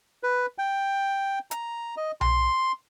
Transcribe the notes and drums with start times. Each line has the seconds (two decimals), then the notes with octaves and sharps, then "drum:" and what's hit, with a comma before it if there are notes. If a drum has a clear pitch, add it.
0.23 B4
0.58 G5
1.51 A#5, drum: hi-hat
1.97 D#5
2.21 C6, drum: tom B1